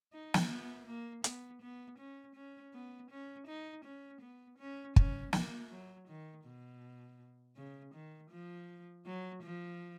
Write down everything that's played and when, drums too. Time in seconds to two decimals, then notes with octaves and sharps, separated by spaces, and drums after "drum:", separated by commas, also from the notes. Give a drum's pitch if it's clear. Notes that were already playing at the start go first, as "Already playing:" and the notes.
0.13 D#4
0.34 drum: snare
0.49 B3
0.86 A#3
1.24 B3, drum: hi-hat
1.62 B3
1.98 C#4
2.35 C#4
2.73 B3
3.11 C#4
3.48 D#4
3.84 C#4
4.21 B3
4.58 C#4
4.96 C#4, drum: kick
5.33 A#3, drum: snare
5.70 F#3
6.08 D#3
6.44 B2
7.56 C#3
7.94 D#3
8.30 F3
9.06 F#3
9.43 F3